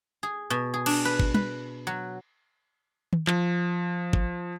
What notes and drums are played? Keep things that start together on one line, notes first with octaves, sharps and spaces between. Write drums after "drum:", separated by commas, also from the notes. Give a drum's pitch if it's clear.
G#4
B2
G#4
D4, drum: cymbal
B4
drum: kick
B4, drum: tom
F#3
drum: tom D#3
F3, drum: clap
drum: kick